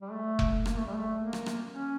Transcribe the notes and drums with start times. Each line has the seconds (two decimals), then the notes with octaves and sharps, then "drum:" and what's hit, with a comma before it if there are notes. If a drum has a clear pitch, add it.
0.02 G3
0.12 A3
0.39 drum: kick F1
0.66 A#3, drum: rim click
0.77 A3
0.87 G3
0.96 A3
1.19 A#3
1.33 drum: rim click
1.46 drum: rim click
1.73 C#4